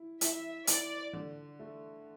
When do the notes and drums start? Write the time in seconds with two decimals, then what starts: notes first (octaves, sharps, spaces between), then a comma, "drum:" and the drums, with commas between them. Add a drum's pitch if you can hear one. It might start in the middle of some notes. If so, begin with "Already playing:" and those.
Already playing: E4
0.21 E4 E5, drum: hi-hat
0.67 E4 D5, drum: hi-hat
1.13 D3
1.59 A3